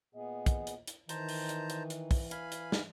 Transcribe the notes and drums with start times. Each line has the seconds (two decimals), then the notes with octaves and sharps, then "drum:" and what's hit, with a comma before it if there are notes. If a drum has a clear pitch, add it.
0.15 A#2 B3 G#4 D#5
0.46 drum: kick, hi-hat
0.67 drum: hi-hat
0.87 drum: hi-hat
1.09 D#3 E3 C5 A5 A#5, drum: hi-hat
1.29 drum: open hi-hat
1.49 drum: hi-hat
1.70 drum: hi-hat
1.90 drum: hi-hat
2.11 drum: kick, open hi-hat
2.31 F5 G#5 B5, drum: hi-hat
2.52 drum: hi-hat
2.72 drum: snare